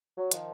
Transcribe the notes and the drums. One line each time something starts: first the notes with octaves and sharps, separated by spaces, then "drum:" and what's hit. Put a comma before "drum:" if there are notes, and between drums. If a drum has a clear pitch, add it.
F#3
D#3 F3, drum: hi-hat